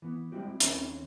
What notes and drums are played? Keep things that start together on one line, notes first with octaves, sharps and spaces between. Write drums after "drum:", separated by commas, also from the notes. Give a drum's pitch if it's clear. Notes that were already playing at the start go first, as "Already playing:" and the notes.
E3 B3
G3 G#3 C4 E4 F#4 G4
D#2 C4 C#4 B5, drum: hi-hat